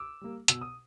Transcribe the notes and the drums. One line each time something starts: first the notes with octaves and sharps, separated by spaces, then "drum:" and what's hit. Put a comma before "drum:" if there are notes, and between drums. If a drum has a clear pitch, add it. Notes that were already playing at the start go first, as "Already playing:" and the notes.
Already playing: D6 E6
G3 A#3
B2 E6, drum: hi-hat
D#6